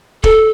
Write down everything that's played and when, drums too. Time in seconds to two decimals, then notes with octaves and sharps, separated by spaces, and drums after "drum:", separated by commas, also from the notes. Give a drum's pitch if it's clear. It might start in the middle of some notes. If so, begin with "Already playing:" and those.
0.24 A4, drum: kick